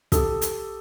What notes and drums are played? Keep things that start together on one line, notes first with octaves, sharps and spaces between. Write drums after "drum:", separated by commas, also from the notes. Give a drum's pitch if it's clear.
G4 A4 D#6 E6, drum: kick, hi-hat
drum: hi-hat